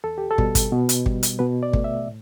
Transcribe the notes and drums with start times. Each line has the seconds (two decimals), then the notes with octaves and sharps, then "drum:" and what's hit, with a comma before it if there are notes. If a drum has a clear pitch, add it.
0.04 E2 A4
0.18 G4
0.31 A4
0.38 B2 G3, drum: kick
0.55 drum: kick, hi-hat
0.72 B2
0.89 drum: hi-hat
1.06 G3, drum: kick
1.23 drum: hi-hat
1.39 B2 B4
1.63 D5
1.73 A3, drum: kick
1.84 E5
2.07 A2